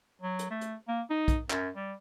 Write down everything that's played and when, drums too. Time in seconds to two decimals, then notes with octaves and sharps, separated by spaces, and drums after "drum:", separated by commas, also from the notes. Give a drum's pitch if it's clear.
0.22 F#3
0.39 drum: hi-hat
0.50 A3
0.61 drum: hi-hat
0.88 A#3
1.10 D#4
1.28 drum: kick, hi-hat
1.50 F#2, drum: clap
1.76 G3